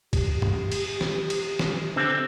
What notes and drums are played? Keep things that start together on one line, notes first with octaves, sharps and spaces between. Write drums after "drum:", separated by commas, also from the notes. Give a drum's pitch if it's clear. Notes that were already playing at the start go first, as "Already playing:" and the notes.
G4, drum: kick, cymbal
drum: tom
drum: cymbal
drum: snare
drum: cymbal
drum: snare
D3 C4